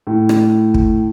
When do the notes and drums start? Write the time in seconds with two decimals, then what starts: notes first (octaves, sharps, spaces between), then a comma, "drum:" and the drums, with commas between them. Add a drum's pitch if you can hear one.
0.07 A2
0.29 drum: rim click
0.74 drum: kick